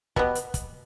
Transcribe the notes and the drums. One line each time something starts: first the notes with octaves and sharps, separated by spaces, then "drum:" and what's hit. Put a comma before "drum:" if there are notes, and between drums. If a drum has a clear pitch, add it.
B2 G3 B3, drum: kick
drum: hi-hat
drum: kick, hi-hat